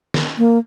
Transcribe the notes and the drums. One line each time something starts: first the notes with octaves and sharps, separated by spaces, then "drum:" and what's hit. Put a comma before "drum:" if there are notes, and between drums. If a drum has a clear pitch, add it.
drum: snare
A#3